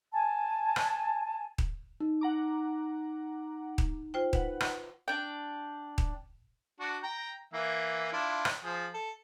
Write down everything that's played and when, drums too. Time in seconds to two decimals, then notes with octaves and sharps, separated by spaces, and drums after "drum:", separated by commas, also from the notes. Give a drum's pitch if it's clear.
0.13 G#5 A5
0.76 drum: rim click
1.58 drum: kick D#1
2.00 D#4
2.21 F#5 A#5 D6
3.78 drum: kick D#1
4.14 F4 C5 G5
4.33 B4 F#5, drum: kick D#1
4.60 drum: rim click
5.08 D4 G5
5.98 drum: kick D#1
6.80 D4 F#4
7.03 G5 A#5
7.53 E3 A#3 E5
8.13 D4 E4 F4
8.45 drum: rim click
8.64 F3 G#4
8.94 A4